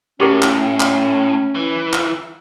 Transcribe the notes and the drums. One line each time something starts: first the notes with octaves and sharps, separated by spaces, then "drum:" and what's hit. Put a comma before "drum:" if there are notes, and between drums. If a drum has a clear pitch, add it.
A2 C#4 F#4 G4 A#4
drum: clap
drum: clap
E3
drum: clap